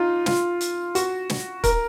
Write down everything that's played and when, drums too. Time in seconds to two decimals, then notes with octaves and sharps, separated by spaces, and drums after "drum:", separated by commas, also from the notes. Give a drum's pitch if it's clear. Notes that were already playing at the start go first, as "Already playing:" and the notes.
Already playing: D#4 F4
0.26 F4, drum: snare
0.61 drum: hi-hat
0.95 F#4, drum: hi-hat
1.30 drum: snare
1.64 A#4, drum: kick C#1, hi-hat